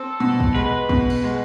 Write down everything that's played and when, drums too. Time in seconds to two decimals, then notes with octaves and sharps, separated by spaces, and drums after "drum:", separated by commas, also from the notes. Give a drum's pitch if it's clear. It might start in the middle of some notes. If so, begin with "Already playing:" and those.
Already playing: C4 A4
0.20 B2
0.40 drum: kick
0.55 G#3 B4
0.89 B2, drum: kick
1.10 drum: cymbal
1.24 G#3